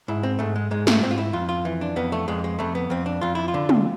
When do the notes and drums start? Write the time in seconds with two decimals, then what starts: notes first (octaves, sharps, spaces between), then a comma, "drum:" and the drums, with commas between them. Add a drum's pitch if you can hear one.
0.08 G#2 E4
0.23 C4
0.39 G#2 A3
0.56 G#3
0.71 G#2 G#3
0.87 A3, drum: snare
1.02 G#2 C4
1.11 F4
1.18 E4
1.33 F2 F4
1.49 F4
1.65 E3
1.81 D4
1.96 F2 B3
2.12 A3
2.28 F2 G#3
2.44 G#3
2.59 F2 A3
2.75 B3
2.90 F2 C4
3.06 D4
3.21 F2 F4
3.35 E4
3.48 F4
3.54 D3
3.69 drum: tom